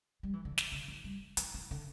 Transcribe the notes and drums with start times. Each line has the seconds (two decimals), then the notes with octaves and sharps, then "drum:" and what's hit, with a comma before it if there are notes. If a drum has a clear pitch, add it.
0.23 G3
0.33 E3
0.45 D3
0.58 drum: snare
0.72 D3
0.88 E3
1.04 G3
1.37 E3, drum: hi-hat
1.54 E3
1.71 D3